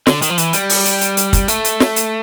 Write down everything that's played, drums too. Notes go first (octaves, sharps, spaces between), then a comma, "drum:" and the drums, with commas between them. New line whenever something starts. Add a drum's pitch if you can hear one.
D3, drum: snare
D#3, drum: hi-hat
F3
E3, drum: hi-hat
G3, drum: hi-hat
drum: open hi-hat
drum: hi-hat
drum: hi-hat
drum: hi-hat
drum: kick, hi-hat
A3, drum: hi-hat
drum: hi-hat
drum: snare
drum: hi-hat